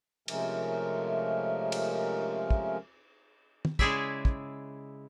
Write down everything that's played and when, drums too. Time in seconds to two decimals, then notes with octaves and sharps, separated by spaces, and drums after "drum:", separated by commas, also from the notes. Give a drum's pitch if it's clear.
0.28 C3 F3 G#3 A3 C#4 A#4, drum: cymbal
1.72 drum: cymbal
2.50 drum: kick
3.65 drum: tom
3.79 C#3 G#3 E4 G#4 D5 E5, drum: kick
4.25 drum: kick